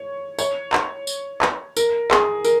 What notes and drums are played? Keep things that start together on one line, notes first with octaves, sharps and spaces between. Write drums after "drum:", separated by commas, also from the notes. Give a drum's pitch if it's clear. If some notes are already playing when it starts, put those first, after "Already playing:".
Already playing: C#5
C#5, drum: tambourine
drum: clap
drum: tambourine
drum: clap
A#4, drum: tambourine
G#4, drum: clap
A#4, drum: tambourine